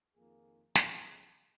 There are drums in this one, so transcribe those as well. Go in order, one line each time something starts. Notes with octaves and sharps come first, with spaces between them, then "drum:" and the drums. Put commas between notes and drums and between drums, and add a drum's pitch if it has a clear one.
F2 D#3 A#3 F4 G#4
C#2 C#3 F3 C#4, drum: snare